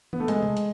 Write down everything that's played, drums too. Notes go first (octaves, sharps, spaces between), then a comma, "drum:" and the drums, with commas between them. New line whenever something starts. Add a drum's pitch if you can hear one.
B3, drum: tom
A3
G#3, drum: hi-hat
drum: tom C3
drum: hi-hat